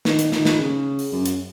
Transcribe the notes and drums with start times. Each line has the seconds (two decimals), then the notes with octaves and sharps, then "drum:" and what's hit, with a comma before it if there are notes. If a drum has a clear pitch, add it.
0.05 D#3, drum: snare
0.19 drum: hi-hat
0.32 D#3, drum: snare
0.45 drum: snare
0.59 C#3
0.99 drum: open hi-hat
1.12 F#2
1.25 drum: hi-hat